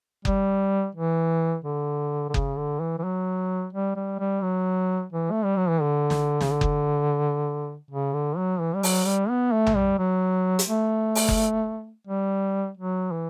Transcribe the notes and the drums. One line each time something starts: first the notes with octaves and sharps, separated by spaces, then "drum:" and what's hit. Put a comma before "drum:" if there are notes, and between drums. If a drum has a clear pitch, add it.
G3, drum: kick F#1
E3
D3
D3
C#3, drum: kick F#1
D3
E3
E3
F#3
G3
G3
G3
F#3
E3
A3
G3
F#3
E3
D3
drum: snare
C#3, drum: snare
D3
drum: kick F#1
C#3
D3
F#3
E3
G3
F#3, drum: open hi-hat
G3
B3
A3
drum: tom A#1
G3
F#3
drum: hi-hat
A3
drum: open hi-hat
drum: kick F#1
G3
F#3
E3